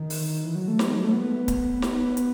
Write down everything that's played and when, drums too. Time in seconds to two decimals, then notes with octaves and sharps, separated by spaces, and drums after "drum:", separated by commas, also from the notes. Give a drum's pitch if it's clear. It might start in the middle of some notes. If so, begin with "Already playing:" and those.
Already playing: D#3
0.10 drum: open hi-hat
0.44 E3
0.55 F#3
0.68 A3
0.79 B3, drum: snare
0.87 G#3
0.96 F#3
1.04 A3
1.13 B3
1.48 drum: kick C#1, hi-hat
1.82 B3, drum: snare
2.17 drum: hi-hat